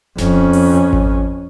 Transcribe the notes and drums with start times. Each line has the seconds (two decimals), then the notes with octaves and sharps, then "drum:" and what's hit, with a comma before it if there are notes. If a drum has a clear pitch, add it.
0.18 F2 C#4, drum: snare D1
0.53 drum: open hi-hat
0.93 drum: kick G#1